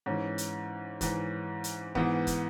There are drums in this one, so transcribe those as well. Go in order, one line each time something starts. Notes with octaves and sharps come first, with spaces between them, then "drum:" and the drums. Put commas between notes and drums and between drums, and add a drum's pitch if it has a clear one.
G#2 E3 C#4
drum: hi-hat
G#2 E3, drum: kick, hi-hat
drum: hi-hat
G#2 E3 B3, drum: kick
drum: kick, hi-hat